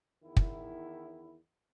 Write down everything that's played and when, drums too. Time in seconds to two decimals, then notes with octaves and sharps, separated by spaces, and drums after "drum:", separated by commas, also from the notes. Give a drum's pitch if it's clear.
0.24 E2 D#3 E4
0.37 drum: kick